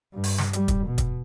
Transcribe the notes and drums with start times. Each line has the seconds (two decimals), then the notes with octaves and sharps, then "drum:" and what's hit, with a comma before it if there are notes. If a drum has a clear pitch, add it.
0.14 G2
0.24 drum: open hi-hat
0.38 drum: snare
0.53 G3, drum: hi-hat
0.68 drum: kick, hi-hat
0.86 B2
0.98 drum: kick, hi-hat